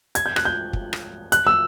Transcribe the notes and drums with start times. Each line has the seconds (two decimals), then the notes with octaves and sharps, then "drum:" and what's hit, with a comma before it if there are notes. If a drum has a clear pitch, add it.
0.15 G#6, drum: hi-hat
0.26 G6
0.36 F#6, drum: rim click
0.45 G6
0.73 drum: kick
0.93 drum: rim click
1.32 F#6, drum: hi-hat
1.47 E6